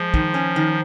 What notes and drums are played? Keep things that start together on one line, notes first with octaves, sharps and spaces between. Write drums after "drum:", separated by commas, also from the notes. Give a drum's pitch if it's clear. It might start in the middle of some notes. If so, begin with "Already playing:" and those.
Already playing: F3 G#3
D#3, drum: kick
C#4
D#3